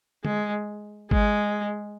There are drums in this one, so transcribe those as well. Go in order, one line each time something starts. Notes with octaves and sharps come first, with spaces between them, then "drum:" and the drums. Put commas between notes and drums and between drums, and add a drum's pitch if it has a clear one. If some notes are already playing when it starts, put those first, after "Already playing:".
G#3, drum: tom
G#3, drum: kick G#1